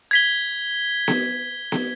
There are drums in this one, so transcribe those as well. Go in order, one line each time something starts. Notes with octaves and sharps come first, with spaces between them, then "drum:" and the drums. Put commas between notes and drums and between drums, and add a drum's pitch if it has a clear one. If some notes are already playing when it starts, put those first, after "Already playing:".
G#6 B6 G7
drum: snare B3
drum: snare B3